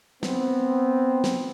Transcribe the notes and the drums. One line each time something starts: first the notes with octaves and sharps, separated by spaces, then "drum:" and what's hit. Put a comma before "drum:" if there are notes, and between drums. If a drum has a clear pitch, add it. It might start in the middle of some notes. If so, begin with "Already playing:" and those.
B3 C4, drum: snare
drum: snare